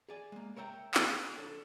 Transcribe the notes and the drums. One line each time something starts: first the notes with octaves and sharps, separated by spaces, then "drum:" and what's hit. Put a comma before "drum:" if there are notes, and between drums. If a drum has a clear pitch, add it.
G#4 D5 G#5
G#3 A#3
A#4 C#5 E5 G5 A#5
drum: clap
G#4
D4 A4 C#5